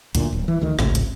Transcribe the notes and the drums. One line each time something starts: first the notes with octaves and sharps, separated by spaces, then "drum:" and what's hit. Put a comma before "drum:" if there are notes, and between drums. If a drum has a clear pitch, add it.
D2 A#2, drum: hi-hat
D1
E3
D2 D#3
G#1 C#2 A2 C3, drum: rim click
drum: hi-hat